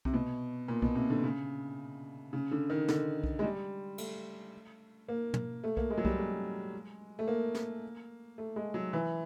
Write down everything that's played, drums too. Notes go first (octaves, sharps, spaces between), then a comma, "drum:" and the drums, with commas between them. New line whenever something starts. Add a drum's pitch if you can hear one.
C3, drum: kick B1
B2
A#2
B2, drum: kick B1
C3
D3
C#3
C#3
D3
D#3
D3, drum: snare
drum: kick B1
G#3
G3
A3, drum: cymbal
A#3
drum: tom
A3
A#3, drum: kick B1
G#3
F#3
G3, drum: kick B1
G#3
A3
A#3
drum: snare
A3
G#3
F#3
E3